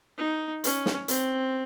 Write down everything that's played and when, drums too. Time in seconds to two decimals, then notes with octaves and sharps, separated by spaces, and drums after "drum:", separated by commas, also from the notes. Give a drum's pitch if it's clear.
0.18 D#4
0.64 C#4, drum: hi-hat
0.86 drum: snare
1.08 C4, drum: hi-hat